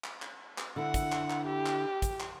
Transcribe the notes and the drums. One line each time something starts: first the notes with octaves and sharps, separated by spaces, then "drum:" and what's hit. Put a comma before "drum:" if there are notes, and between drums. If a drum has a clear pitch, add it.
drum: clap
drum: clap
drum: clap
D3 E4 F#5
drum: kick, hi-hat
drum: clap
drum: clap
G4
drum: clap
drum: kick, hi-hat
drum: clap